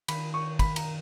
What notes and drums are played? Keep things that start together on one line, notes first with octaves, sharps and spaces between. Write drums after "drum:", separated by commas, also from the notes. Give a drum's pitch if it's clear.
D#3 B5, drum: cymbal
C#6
B5, drum: kick, cymbal
A#5, drum: cymbal